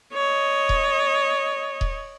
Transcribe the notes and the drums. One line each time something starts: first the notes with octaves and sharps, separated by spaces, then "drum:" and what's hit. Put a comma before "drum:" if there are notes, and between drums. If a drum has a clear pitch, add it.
C#5 D#5
drum: kick D#1
drum: kick D#1